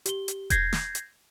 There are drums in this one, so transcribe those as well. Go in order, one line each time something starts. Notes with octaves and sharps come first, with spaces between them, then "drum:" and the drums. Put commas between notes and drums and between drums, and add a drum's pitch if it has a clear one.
G4 G7, drum: hi-hat
drum: hi-hat
G6 G#6 A#6 C7, drum: kick E1, hi-hat
drum: snare
drum: hi-hat